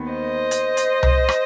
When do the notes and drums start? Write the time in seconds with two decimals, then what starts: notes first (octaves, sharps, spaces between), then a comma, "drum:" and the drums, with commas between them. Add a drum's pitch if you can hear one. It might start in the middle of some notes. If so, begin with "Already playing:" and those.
Already playing: D#2 D#3 B3
0.12 C5 D#5
0.51 drum: hi-hat
0.77 drum: hi-hat
1.03 drum: tom C2
1.29 drum: rim click